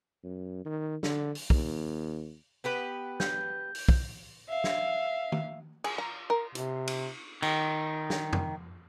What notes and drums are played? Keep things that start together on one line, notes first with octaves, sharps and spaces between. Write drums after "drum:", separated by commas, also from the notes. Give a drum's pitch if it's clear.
F#2
D#3
D3, drum: snare
drum: open hi-hat
D#2, drum: kick
B3 G4 B4
G6, drum: snare
drum: open hi-hat
drum: kick
E5 F5
drum: snare
drum: tom D#3
G#4, drum: cymbal
A#5
A#4
C3, drum: hi-hat
drum: cymbal
D#3, drum: cymbal
drum: snare
drum: tom F2